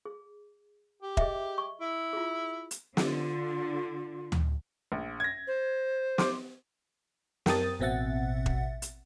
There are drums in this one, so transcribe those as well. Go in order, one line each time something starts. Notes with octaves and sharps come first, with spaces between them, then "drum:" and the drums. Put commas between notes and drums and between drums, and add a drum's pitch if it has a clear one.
G#4
G4
G#4 D#5 E5, drum: kick E1
C#6
E4
F4 G#4
drum: hi-hat
D3 F4, drum: snare
drum: tom D2
A#1
G#6 A#6
C5
C6 D6, drum: snare
F#2 A#4 G5 A5 D#6 A6, drum: snare
A1 B2 C4 E5 F#5 A6
drum: kick E1
drum: hi-hat